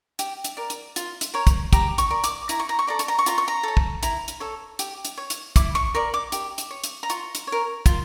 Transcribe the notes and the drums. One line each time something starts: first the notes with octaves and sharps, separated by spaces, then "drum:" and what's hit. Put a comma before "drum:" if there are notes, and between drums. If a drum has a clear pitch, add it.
G4, drum: hi-hat
drum: hi-hat
A#4 D5
drum: hi-hat
F4, drum: hi-hat
drum: hi-hat
A#4 C#5
drum: kick, hi-hat
G4 A#5, drum: kick, hi-hat
C#6, drum: hi-hat
A#4 D5
D6, drum: hi-hat
E4 A#5, drum: hi-hat
C#6
A#5
C#6
A4 D5 A#5
C#6, drum: hi-hat
A#5
C#6
F4 A#5, drum: hi-hat
C#6
A#5
A4 C#5
drum: kick
E4 A#5, drum: hi-hat
drum: hi-hat
A4 C#5
G4, drum: hi-hat
drum: hi-hat
C#5
drum: hi-hat
E4 D6, drum: kick, hi-hat
C#6
A#4 D5 C#6
D6
G4, drum: hi-hat
drum: hi-hat
C#5
drum: hi-hat
A#5
F4 C#6, drum: hi-hat
drum: hi-hat
C#5
A#4
F4, drum: kick, hi-hat